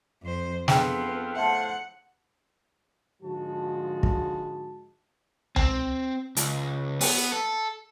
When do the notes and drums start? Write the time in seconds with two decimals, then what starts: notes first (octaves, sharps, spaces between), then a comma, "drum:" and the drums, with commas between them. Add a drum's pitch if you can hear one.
0.22 F2 C5
0.68 F2 B3 C4 D4 F4 G#4 G5, drum: snare
1.36 A2 F4 C5 E5 F#5 A5
3.23 G#2 D3 F3 G#3 F#4 A5
4.03 drum: kick
5.56 C4, drum: tom C#2
6.37 C#2, drum: hi-hat
7.01 B3, drum: open hi-hat
7.32 A4